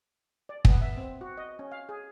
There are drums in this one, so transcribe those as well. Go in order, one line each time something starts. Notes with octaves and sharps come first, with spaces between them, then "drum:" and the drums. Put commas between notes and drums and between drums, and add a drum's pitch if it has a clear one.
D5
B3, drum: kick
E5
C4
F#4
D#5
C#4
F5
G#4